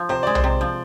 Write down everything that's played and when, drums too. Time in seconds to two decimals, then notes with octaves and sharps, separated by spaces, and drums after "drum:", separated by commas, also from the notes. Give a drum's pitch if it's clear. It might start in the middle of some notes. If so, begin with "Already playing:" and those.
Already playing: F3
0.09 C3 C5
0.23 G#3 D5
0.35 C5, drum: tom B1
0.44 C3
0.61 F3